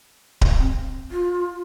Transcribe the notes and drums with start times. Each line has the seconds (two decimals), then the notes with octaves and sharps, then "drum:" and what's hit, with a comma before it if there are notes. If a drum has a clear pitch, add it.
0.41 drum: kick D1
0.59 C4
1.11 F4